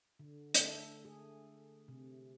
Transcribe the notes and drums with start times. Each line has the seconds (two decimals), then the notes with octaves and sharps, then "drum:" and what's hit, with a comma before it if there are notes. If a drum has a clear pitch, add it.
0.19 D3
0.54 A3, drum: hi-hat
1.05 G#4
1.88 C3